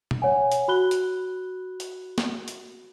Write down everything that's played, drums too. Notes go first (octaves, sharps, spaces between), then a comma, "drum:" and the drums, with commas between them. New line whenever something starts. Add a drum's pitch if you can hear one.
drum: tom B2
C#5 F#5 G#5
drum: hi-hat
F#4 B5 F#6 G7
drum: hi-hat
drum: hi-hat
drum: snare
drum: hi-hat